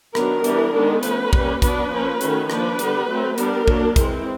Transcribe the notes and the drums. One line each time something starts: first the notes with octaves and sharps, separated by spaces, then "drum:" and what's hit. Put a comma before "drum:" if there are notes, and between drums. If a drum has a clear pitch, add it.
D#3 F#3 B3 D4 A#4, drum: rim click
E3 G3 B3 D4, drum: hi-hat
D#3 G#3 B3 D4
F3 A3 C#4 B4, drum: hi-hat
G3 A#3 C#4, drum: kick
F#3 B3 D4 B4, drum: kick, hi-hat
F3 A#3 C#4
D#3 F#3 A3 C#4, drum: hi-hat
F3 A#3 D4 B4, drum: rim click
D3 G3 B3, drum: hi-hat
F#3 A3 C4
G3 B3 D4 A#4, drum: hi-hat
F#3 A#3 D4, drum: kick
E3 G#3 C4, drum: kick, hi-hat